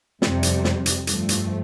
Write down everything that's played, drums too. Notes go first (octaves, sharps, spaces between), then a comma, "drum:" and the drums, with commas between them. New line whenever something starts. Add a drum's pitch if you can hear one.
F2 C3 G3, drum: snare
drum: hi-hat
drum: snare
drum: hi-hat
G2 F3 A3, drum: hi-hat
drum: hi-hat